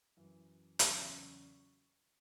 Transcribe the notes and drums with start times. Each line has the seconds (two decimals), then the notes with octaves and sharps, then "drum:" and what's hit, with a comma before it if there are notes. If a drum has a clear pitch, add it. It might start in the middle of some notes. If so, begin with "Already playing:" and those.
0.17 F#2 E3
0.79 E2 C#3 F#3 C#6, drum: hi-hat